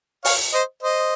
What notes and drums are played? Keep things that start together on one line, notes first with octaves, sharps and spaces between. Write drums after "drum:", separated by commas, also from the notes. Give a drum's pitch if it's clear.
C#5 F5, drum: open hi-hat
C5 D#5
C5 D#5